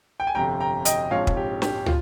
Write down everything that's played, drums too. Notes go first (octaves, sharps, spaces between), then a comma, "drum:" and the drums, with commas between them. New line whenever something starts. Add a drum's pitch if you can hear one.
G5
G#5
G1 F2 C3 G5 A#5
G5 A#5
D#5 G5, drum: hi-hat
A#1 G#2 F3 C4 C#5 F5
drum: kick
G4
G4, drum: snare
F4, drum: tom